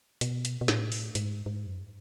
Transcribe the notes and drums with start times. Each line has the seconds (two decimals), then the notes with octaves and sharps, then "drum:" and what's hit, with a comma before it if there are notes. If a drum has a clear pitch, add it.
0.21 B2, drum: hi-hat
0.45 drum: hi-hat
0.61 B2
0.68 A2, drum: snare
0.92 drum: open hi-hat
1.15 G#2, drum: hi-hat
1.46 G#2
1.66 F#2